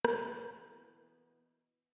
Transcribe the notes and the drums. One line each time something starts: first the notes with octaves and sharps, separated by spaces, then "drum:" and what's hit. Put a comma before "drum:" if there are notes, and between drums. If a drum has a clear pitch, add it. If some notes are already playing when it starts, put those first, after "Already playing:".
B2 E3 B3, drum: rim click